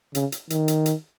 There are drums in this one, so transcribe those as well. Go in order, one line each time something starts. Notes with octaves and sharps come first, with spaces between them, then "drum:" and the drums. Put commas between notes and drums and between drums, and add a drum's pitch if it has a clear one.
C#3, drum: hi-hat
drum: hi-hat
D#3, drum: hi-hat
drum: hi-hat
drum: hi-hat